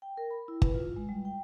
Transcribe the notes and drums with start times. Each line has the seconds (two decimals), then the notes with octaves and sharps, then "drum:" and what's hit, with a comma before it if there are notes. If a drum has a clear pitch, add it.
0.02 G5
0.17 A#4
0.30 B5
0.48 E4
0.62 B4, drum: kick
0.74 F4
0.96 G#3
1.09 G3
1.25 G5